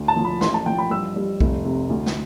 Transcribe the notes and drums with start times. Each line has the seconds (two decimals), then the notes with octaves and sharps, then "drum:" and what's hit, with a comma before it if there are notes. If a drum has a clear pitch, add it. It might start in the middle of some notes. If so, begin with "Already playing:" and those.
Already playing: D2
0.08 A5
0.16 F3
0.25 B5
0.41 A1 C6, drum: snare
0.54 A5
0.66 F3 G5
0.78 B5
0.90 G2 E6
1.16 G3
1.40 F1, drum: kick
1.65 C3
1.90 D2
2.06 drum: snare